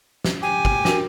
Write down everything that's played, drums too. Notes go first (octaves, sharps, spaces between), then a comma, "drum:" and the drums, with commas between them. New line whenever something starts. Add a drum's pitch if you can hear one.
drum: snare
G4 G#5
drum: kick
D4 F#4 A#4, drum: snare